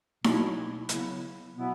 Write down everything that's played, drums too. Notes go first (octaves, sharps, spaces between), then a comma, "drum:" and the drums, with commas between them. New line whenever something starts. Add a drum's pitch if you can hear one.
B2 F#3 A#3 E4, drum: snare D#4
C#3 F#3 B3 E4, drum: hi-hat
B2 F#3 B3 E4